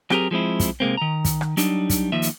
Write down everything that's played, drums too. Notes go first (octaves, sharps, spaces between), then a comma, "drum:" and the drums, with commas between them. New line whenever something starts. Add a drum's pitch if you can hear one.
F#3 C4 G4 G#4 A#4, drum: rim click
F3 G#3 C4 E4
drum: kick, hi-hat
C3 G#3 A#3 C4
D#3 A#5
drum: kick, hi-hat
drum: rim click
F#3 G3 D4 D#4, drum: hi-hat
drum: kick, hi-hat
D#2 F3 E5
drum: hi-hat